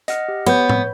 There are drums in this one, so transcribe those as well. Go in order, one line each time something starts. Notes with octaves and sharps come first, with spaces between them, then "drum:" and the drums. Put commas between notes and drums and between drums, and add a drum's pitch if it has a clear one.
D#5 F#5 F6, drum: hi-hat
G4
B3 C#5 G6
drum: tom A2